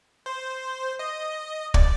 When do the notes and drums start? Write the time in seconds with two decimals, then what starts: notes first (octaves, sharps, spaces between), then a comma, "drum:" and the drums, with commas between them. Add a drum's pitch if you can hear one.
0.26 C5
0.99 D#5
1.74 D5, drum: kick